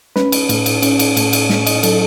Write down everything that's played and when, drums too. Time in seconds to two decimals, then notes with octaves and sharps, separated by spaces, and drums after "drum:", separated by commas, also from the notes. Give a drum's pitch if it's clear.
0.16 C#4 B4, drum: snare
0.32 drum: cymbal
0.49 A2, drum: cymbal
0.66 drum: cymbal
0.82 C#4, drum: cymbal
0.99 drum: cymbal
1.17 A2, drum: cymbal
1.33 drum: cymbal
1.50 A2, drum: snare
1.67 D#5, drum: cymbal
1.83 F#3 A4, drum: cymbal